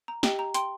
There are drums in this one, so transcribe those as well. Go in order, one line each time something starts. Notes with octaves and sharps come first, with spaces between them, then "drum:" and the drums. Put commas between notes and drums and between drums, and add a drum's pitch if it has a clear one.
A#5
G4 D#5 G5, drum: snare
A#5
G5 C6, drum: hi-hat